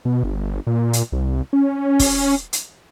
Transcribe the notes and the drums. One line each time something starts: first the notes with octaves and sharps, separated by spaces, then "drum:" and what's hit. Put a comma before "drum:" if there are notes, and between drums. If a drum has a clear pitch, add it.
B2
G1
A#2
drum: hi-hat
C2
C#4
drum: kick, open hi-hat
drum: hi-hat